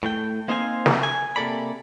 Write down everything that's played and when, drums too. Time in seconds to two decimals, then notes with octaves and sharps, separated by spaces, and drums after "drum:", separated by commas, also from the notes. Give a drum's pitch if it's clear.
0.03 A2 A3 G5
0.48 A#3 C4 D#4 C5 F5 G#5
0.86 drum: snare
1.03 G#5
1.36 C3 A#3 G#4 A4 D5 B5